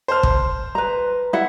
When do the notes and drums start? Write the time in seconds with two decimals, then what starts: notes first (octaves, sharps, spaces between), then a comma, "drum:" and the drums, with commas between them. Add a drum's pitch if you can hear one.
0.08 C5 A5 F6
0.23 drum: kick
0.75 B4 A#5
1.33 E4 F#5